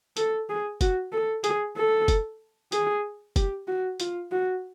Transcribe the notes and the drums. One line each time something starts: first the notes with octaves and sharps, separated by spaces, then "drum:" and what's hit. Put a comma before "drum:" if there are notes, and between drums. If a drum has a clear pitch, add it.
A4, drum: hi-hat
G#4
F#4, drum: kick, hi-hat
A4
G#4, drum: hi-hat
A4
drum: kick, hi-hat
G#4, drum: hi-hat
G4, drum: kick, hi-hat
F#4
F4, drum: hi-hat
F#4